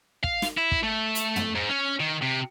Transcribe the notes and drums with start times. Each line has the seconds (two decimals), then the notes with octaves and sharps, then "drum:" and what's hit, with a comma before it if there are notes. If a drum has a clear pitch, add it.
0.24 F5, drum: kick
0.42 drum: snare
0.58 E4
0.72 drum: kick
0.83 A3
1.15 drum: hi-hat
1.36 drum: tom
1.55 G#2
1.69 C#4
2.00 D#3
2.22 C3